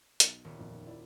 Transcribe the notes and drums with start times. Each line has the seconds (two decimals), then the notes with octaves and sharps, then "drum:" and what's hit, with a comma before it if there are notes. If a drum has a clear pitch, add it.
0.20 B1, drum: hi-hat
0.44 D#1
0.58 B1 F2 A#2
0.86 E4 D5